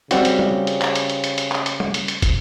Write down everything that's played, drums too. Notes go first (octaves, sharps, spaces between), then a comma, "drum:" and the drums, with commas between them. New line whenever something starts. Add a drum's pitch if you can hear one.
C#3 G3 C4 F#4, drum: hi-hat
drum: hi-hat
drum: tom
drum: hi-hat
drum: clap
drum: hi-hat
drum: hi-hat
drum: hi-hat
drum: hi-hat
drum: clap
drum: hi-hat
drum: tom
drum: hi-hat
drum: hi-hat
drum: kick, hi-hat